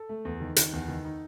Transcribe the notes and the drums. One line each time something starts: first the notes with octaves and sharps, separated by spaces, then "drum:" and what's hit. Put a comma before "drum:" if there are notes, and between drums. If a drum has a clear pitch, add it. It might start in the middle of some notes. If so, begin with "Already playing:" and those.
Already playing: A4
A3
E2
D#3
D#3, drum: hi-hat
E2
D#3
D#4